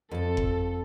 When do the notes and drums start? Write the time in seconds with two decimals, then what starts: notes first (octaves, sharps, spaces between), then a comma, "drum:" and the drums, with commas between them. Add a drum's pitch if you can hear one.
0.11 F2 A4 A5
0.37 drum: kick F#1